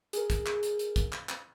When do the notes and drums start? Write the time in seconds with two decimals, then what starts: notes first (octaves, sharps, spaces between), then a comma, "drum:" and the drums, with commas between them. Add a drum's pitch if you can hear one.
0.13 G#4 A#4, drum: hi-hat
0.30 drum: kick, hi-hat
0.46 drum: clap
0.63 drum: hi-hat
0.79 drum: hi-hat
0.96 drum: kick, hi-hat
1.12 drum: clap
1.29 drum: clap